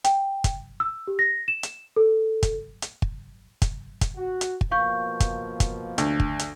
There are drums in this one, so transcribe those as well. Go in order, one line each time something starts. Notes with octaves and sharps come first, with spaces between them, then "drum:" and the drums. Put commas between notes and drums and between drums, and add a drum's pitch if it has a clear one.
G5, drum: hi-hat
drum: kick, hi-hat
E6
G4
A#6
E7
drum: hi-hat
A4
drum: kick, hi-hat
drum: hi-hat
drum: kick
drum: kick, hi-hat
drum: kick, hi-hat
F#4
drum: hi-hat
drum: kick
B2 F3 A#3 F5 C#6 G6
drum: kick, hi-hat
drum: kick, hi-hat
D2, drum: hi-hat
drum: kick
drum: hi-hat